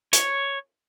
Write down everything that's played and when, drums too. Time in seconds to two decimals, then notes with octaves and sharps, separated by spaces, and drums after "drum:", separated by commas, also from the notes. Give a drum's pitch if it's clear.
0.13 C#5, drum: hi-hat